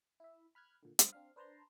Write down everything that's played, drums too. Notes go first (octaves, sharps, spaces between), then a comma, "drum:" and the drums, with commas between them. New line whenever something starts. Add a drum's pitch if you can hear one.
E4 E5
B5 F6 F#6 G#6
A#2 D3
G2 C5 B5 D#6, drum: hi-hat
C4 D4 F5
D4 B4 C5 A5 A#5 C6